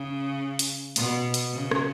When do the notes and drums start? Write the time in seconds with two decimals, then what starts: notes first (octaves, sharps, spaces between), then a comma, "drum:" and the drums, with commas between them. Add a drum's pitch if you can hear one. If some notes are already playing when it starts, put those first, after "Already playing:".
Already playing: C#3
0.59 drum: hi-hat
0.96 B2, drum: hi-hat
1.34 drum: hi-hat
1.53 C#3
1.71 drum: rim click